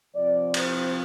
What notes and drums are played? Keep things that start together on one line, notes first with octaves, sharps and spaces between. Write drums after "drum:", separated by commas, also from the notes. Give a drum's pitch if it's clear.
C3 F3 C4 D5
C5, drum: cymbal